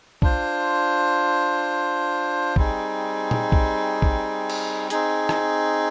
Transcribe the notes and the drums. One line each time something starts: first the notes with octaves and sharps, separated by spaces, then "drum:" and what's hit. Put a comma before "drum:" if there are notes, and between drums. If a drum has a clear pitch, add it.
D4 F4 C5, drum: kick
G3 C4 D#4 G#4, drum: kick
drum: tom A#2
drum: kick
drum: kick
drum: cymbal
C4 D#4 G#4, drum: hi-hat
drum: rim click